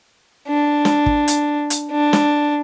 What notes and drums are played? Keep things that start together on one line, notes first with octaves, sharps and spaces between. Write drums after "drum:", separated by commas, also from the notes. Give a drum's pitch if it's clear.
D4
drum: snare
drum: kick
drum: hi-hat
drum: hi-hat
D4
drum: snare